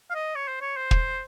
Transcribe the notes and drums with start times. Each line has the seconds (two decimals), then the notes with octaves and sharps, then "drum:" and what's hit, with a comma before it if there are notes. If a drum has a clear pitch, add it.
0.10 F5
0.15 D#5
0.35 C#5
0.48 C5
0.61 C#5
0.77 C5
0.91 drum: kick